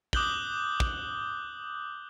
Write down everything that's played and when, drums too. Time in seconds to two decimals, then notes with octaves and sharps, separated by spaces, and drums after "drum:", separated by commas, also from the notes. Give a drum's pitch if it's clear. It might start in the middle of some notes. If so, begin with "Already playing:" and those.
0.13 D6 D#6 F#6 G6 F#7 G7, drum: kick
0.80 drum: kick